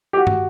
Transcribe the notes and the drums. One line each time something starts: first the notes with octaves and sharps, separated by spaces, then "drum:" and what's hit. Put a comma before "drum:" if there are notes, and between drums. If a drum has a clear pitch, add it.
G4
F#4
drum: tom